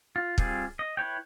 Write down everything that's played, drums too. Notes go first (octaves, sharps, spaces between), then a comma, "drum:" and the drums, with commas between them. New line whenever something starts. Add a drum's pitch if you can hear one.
F4
G3 C4 F4 G#4, drum: kick
D#5
E4 B4 C#5 G5